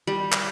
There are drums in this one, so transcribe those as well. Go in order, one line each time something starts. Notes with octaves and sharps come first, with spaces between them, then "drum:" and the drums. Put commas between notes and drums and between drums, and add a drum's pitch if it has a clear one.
G3
drum: clap